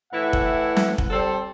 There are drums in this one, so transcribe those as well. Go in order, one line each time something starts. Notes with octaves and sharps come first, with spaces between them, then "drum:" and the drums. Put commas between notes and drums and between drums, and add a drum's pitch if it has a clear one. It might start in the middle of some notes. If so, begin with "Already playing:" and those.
A2 E3 E4 F#5
drum: kick F1
drum: snare
drum: kick F1
G3 C4 A4